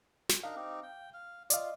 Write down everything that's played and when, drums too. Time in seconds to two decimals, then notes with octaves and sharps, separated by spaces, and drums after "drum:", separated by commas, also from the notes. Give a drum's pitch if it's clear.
0.29 drum: snare
0.43 D4 D#4 A#4 F5
0.56 C4 D#4 G4
0.83 G5
1.14 F5
1.50 F4 D5 D#5 F5, drum: hi-hat